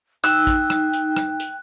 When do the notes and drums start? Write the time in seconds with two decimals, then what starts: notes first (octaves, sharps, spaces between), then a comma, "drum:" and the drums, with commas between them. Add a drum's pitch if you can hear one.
0.24 D#4 G5 E6 F#6, drum: hi-hat
0.47 drum: kick A1, hi-hat
0.70 drum: rim click
0.93 drum: hi-hat
1.17 drum: rim click
1.40 drum: hi-hat